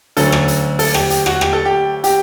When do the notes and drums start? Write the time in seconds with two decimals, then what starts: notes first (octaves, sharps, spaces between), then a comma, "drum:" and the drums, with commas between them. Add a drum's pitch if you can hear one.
0.17 D2 D3 F#3 C#4 A4, drum: hi-hat
0.32 drum: rim click
0.48 drum: hi-hat
0.79 A4, drum: open hi-hat
0.94 G4, drum: rim click
1.10 G4, drum: hi-hat
1.26 F#4, drum: rim click
1.41 G4, drum: rim click
1.53 A4
1.65 G4
2.04 G4, drum: hi-hat